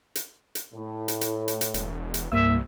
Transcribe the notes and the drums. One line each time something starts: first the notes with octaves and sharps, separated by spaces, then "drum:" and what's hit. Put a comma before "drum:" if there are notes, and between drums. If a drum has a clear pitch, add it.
drum: hi-hat
drum: hi-hat
A2
drum: hi-hat
drum: hi-hat
drum: hi-hat
drum: hi-hat
E1, drum: hi-hat
drum: hi-hat
C2 G2 A#3 E5 E6